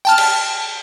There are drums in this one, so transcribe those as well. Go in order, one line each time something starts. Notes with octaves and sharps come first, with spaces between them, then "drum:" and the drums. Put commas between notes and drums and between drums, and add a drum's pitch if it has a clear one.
G5 A5 F6
drum: cymbal